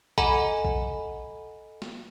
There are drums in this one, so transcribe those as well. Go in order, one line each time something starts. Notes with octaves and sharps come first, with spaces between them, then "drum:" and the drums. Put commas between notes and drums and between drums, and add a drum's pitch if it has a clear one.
A4 D#5 F#5 G#5 A#5 B5, drum: kick A#1
drum: kick A#1
drum: snare